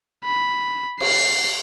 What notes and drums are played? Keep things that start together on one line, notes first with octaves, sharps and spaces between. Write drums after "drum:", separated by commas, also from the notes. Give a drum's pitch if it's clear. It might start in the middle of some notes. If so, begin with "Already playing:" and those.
B5
C7, drum: cymbal